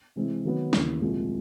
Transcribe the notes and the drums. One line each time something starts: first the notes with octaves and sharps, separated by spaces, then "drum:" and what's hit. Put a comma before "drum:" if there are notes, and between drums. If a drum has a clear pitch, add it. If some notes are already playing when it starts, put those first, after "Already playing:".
C3 E3 G#3 C4
D#3 F#3 B3
D#2 C#3 E3, drum: snare
C2 A#2 F3 G#3